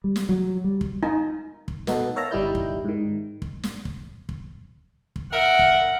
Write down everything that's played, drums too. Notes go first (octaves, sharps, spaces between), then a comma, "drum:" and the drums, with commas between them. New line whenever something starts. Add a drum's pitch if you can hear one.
G3
drum: snare
F#3
G3
drum: kick
D#4
drum: kick
B2 B3 D#4 F#4 A4, drum: snare
A#4 C#5 E5 F5 A5 A#5
G1 G3 D#4 E4 G6
drum: kick
G#2 D#3
drum: kick
drum: snare
drum: kick
drum: kick
drum: kick
A#4 E5 F#5
drum: kick